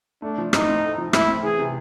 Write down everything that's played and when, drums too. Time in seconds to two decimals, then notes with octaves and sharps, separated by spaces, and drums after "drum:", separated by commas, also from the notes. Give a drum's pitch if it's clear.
0.22 A3 D4
0.38 F3
0.53 A2 D#4, drum: rim click
0.68 C4
0.83 A3
0.98 F3
1.13 A2 E4, drum: rim click
1.28 C4
1.43 E3 G#4
1.59 C3